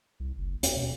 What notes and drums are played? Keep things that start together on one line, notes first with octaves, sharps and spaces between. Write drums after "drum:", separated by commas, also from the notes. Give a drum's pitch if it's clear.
C2
F#1
D#2, drum: hi-hat
B2